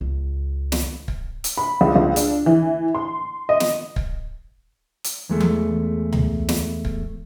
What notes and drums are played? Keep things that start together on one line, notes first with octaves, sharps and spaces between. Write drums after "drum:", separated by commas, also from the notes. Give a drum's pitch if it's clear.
C#2
drum: snare
drum: kick
drum: hi-hat
B5
C#2
C#2
D4, drum: hi-hat
E3
C6
D#5
drum: snare
drum: kick
drum: hi-hat
E2 G#3 A3
drum: tom E3
drum: tom D2
drum: snare
drum: kick